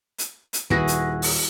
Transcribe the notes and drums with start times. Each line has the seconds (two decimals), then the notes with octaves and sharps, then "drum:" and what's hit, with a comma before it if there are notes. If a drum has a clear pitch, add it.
0.18 drum: hi-hat
0.53 drum: hi-hat
0.70 D#1 E4 F#4 G#4 B4 A#6, drum: kick
0.88 drum: hi-hat
1.22 drum: open hi-hat